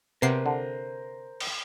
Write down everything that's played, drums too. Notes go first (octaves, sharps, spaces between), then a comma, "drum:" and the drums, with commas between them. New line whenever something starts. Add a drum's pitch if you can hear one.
C3 B3 A#4 C5 C7
D3
drum: cymbal